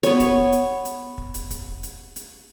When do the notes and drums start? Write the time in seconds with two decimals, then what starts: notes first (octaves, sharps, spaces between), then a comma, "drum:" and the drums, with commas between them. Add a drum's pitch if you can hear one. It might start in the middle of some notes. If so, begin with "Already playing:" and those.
0.03 B3 C#5, drum: hi-hat
0.20 drum: kick, hi-hat
0.52 drum: hi-hat
0.85 drum: hi-hat
1.18 drum: kick
1.34 drum: hi-hat
1.50 drum: kick, hi-hat
1.83 drum: hi-hat
2.16 drum: hi-hat